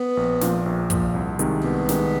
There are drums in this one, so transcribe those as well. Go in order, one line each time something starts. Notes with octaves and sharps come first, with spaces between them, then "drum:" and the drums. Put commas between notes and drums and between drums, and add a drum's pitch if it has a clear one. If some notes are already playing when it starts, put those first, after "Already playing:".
Already playing: B3
A#1
A#2 F3, drum: snare
A#1
A#2 F3, drum: kick, hi-hat
C2
C3 D#3 G#3, drum: hi-hat
C2 B3
C3 D#3 G#3, drum: snare